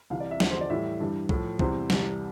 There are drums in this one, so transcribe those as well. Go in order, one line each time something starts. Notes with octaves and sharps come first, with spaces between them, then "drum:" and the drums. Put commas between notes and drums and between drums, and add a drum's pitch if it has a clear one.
C2 C3 E3 F5
D5
E5
E2 D3 F3 D5, drum: snare
C5
D5
A2 E3 G3 E5
G2 E3 G3
A2 F3, drum: kick C2
E2 C3 E3 G3 C5, drum: kick C2
C2 C3 E3 G3, drum: snare